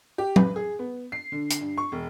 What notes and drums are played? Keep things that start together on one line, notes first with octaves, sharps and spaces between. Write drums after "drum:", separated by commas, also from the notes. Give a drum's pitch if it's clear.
G4
B4, drum: tom
G#4
B3
C7
D3
drum: hi-hat
G2
C#6
E1